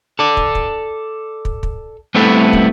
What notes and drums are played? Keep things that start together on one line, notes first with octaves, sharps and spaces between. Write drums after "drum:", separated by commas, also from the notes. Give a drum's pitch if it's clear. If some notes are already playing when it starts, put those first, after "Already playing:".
A4 D5
drum: kick
drum: kick
drum: kick
drum: kick
G3 A3 B3 C4 E4 A4
drum: kick